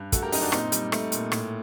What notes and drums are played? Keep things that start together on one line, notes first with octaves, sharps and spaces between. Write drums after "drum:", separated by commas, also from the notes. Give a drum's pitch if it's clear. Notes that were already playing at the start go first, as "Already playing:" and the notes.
Already playing: G2
A3 F#4 A4, drum: kick, hi-hat
G4 A#4
F#2 D#4 G4, drum: open hi-hat
D4 F#4
A#2 C4 D#4, drum: rim click
G3, drum: hi-hat
A3, drum: rim click
A#2, drum: hi-hat
A2, drum: rim click